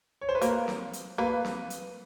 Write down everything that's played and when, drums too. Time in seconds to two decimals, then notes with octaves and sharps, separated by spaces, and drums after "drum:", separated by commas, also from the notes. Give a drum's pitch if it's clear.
0.21 C#5
0.29 C5
0.35 B4
0.42 A#3 A#4, drum: hi-hat
0.68 drum: snare C4
0.93 drum: hi-hat
1.18 A#3 B4
1.45 drum: snare C4
1.70 drum: hi-hat